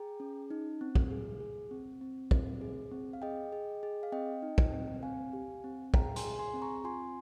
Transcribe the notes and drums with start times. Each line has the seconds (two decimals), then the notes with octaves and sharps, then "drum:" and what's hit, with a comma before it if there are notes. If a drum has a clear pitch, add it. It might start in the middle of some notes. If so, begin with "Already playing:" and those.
Already playing: G#4 G5 A#5
0.20 C#4
0.50 D#4
0.81 C4
0.95 drum: kick
1.11 G#4
1.40 G#4
1.71 C4
2.01 C4
2.31 C4, drum: kick
2.61 G#4
2.91 C4
3.13 F5
3.22 G#4 D#5 G5
3.52 G#4
3.83 G#4
4.03 F5
4.12 C4 D#5 G5
4.42 D#4
4.58 drum: kick
4.73 C4
5.03 C4 F5 G#5
5.33 G4
5.64 C4
5.94 G#4 G5 A#5, drum: kick
6.16 G#5 C6, drum: hi-hat
6.24 G#4
6.39 G#5 C6
6.54 C4
6.62 A#5 C#6
6.84 F4 G#5 C6